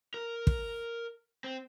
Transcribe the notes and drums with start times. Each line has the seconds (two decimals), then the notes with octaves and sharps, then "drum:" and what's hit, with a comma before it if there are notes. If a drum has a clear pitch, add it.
0.14 A#4
0.47 drum: kick
1.44 C4